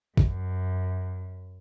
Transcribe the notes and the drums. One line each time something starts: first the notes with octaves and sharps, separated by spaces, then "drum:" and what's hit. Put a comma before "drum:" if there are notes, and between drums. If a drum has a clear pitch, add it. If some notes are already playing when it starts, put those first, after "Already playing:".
F#2, drum: kick